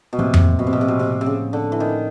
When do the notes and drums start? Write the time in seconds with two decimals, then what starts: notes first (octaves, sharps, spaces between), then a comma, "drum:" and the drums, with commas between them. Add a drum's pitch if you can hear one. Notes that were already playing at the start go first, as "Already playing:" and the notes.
0.13 B2
0.18 A2 C3 F3 A#3
0.34 drum: tom F2
0.59 B2
0.67 C3
0.73 B2
0.81 C3
0.88 B2
0.99 C3
1.21 C3
1.26 C#3
1.53 D3
1.72 E3
1.80 D#3